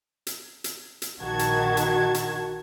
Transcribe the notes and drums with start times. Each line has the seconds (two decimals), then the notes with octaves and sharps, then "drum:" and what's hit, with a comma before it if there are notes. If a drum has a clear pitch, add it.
0.27 drum: hi-hat
0.64 drum: hi-hat
1.02 drum: hi-hat
1.21 A#1 D#3 F#4 A5 G#6
1.39 drum: hi-hat
1.77 drum: hi-hat
2.14 drum: hi-hat